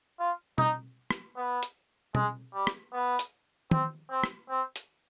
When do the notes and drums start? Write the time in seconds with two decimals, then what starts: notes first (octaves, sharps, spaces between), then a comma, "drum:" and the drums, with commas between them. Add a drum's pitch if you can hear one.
0.19 F4
0.58 D#4, drum: tom B2
1.11 drum: rim click
1.37 B3
1.63 drum: hi-hat
2.15 G#3, drum: tom B2
2.54 G3
2.67 drum: rim click
2.93 B3
3.19 drum: hi-hat
3.71 C4, drum: tom
4.11 C4
4.24 drum: rim click
4.50 C4
4.76 drum: hi-hat